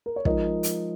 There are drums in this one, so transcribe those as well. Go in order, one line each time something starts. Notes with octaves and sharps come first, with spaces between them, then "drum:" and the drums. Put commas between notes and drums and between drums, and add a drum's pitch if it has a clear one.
A#4
C#5
F3 G#3 D#4 A#4 D#5, drum: kick
drum: hi-hat